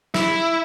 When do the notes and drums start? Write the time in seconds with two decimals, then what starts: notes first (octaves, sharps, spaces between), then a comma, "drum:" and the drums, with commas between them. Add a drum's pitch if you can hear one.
0.14 E4, drum: snare